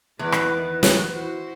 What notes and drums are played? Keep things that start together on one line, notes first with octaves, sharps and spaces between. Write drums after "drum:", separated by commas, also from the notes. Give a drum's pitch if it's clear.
E2 G#3 E4 B4 D5
drum: rim click
D#3
drum: snare
E4 F#4 C5